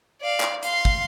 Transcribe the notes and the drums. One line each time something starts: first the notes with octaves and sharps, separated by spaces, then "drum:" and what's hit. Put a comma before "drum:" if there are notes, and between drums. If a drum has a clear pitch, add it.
D5 F5
drum: clap
F5 C6, drum: hi-hat
drum: kick